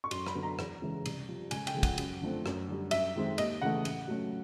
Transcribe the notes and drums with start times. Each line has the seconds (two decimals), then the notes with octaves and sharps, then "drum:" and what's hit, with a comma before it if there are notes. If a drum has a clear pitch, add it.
0.04 C#6
0.11 F#2 C6, drum: cymbal
0.26 B5, drum: rim click
0.35 D3 F#3 B3
0.43 A#5
0.59 E2, drum: rim click
0.81 C#3 E3 G#3 C#4
1.06 C2, drum: cymbal
1.29 C3 F3
1.51 C#2 G#5, drum: cymbal
1.67 G5, drum: cymbal
1.74 C#3 F3 G#3
1.83 F#5, drum: kick, cymbal
1.98 F#2, drum: cymbal
2.21 D3 F3 A3 C4
2.46 F#2, drum: rim click
2.68 D3 G3
2.91 F#2 E5, drum: cymbal
3.16 D#3 G#3 C4
3.38 D#2 D#5, drum: cymbal
3.61 C#3 E3 A3 F#5
3.85 A2, drum: cymbal
4.08 F#3 A3 C#4